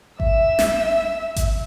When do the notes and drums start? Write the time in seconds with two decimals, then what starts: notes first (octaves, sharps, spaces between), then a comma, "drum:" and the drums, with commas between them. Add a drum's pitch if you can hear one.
0.20 E5 E6, drum: kick G#1
0.59 drum: snare
1.36 drum: kick G#1, hi-hat